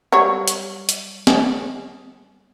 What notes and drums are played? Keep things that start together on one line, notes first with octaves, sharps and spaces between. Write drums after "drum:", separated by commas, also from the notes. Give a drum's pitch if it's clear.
F#3 G3 C#5
drum: hi-hat
drum: hi-hat
drum: snare